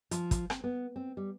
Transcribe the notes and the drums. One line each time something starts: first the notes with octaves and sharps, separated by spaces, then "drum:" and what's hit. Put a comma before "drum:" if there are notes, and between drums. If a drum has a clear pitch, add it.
F3, drum: hi-hat
drum: kick, hi-hat
C4, drum: rim click
B3
C4
G3